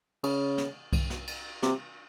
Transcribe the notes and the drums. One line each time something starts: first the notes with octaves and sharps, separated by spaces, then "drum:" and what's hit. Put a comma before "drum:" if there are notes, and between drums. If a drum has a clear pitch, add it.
C#3, drum: cymbal
drum: snare
drum: kick B1, cymbal
drum: snare
drum: cymbal
C3, drum: snare